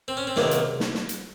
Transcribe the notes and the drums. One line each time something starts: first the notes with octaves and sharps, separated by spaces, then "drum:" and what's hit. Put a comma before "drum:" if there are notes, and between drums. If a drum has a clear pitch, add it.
C4
C#4
C4
C#2 C3 D#3 F#3 A#3, drum: snare
drum: hi-hat
drum: snare
drum: snare
drum: hi-hat